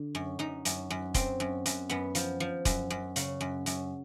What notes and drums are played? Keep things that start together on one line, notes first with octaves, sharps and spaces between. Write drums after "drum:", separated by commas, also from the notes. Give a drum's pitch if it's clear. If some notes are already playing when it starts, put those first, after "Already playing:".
Already playing: D3
F#2
F#2 D#4
F#2, drum: hi-hat
F#2
F#2 C4, drum: kick E1, hi-hat
F#2
F#2, drum: hi-hat
F#2 B3
F3, drum: hi-hat
F3
F#2, drum: kick E1, hi-hat
F#2
C#3, drum: hi-hat
F#2
F#2, drum: hi-hat